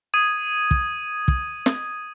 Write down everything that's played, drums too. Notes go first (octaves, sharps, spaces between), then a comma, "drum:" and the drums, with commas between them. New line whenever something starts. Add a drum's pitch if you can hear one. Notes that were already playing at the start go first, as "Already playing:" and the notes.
D#6 G#6 D#7
drum: kick
drum: kick
drum: snare